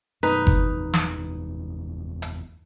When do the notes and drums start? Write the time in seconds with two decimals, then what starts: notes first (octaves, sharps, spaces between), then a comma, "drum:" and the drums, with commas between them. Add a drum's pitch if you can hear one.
0.23 F#2 B2 D#4 B4
0.47 drum: kick G1
0.58 F#1 E2
0.93 drum: snare
2.22 drum: hi-hat